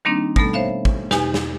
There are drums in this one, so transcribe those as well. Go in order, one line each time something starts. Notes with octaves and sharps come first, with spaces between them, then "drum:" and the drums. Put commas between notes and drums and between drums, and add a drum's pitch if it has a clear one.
D#3 G3 A#3 C4 D4 D#4
B2 G3 A3 B3 A4, drum: kick
C5 C#5 E5 F5
drum: kick
E2 B2 D#4 G4 B4 G#5, drum: snare
drum: snare